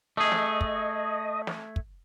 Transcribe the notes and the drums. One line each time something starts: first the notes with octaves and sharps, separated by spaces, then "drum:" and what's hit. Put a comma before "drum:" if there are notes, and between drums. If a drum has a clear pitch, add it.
A3 G#4 D#5
drum: snare
drum: kick
drum: snare
drum: kick